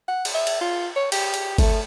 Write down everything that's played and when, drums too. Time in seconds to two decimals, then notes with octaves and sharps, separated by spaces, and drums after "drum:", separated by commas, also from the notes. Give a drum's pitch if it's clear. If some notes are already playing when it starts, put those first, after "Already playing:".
0.08 F#5
0.25 drum: cymbal
0.35 E5
0.47 drum: cymbal
0.61 F4
0.96 C#5
1.12 G4, drum: cymbal
1.34 drum: cymbal
1.58 A3, drum: kick G1, cymbal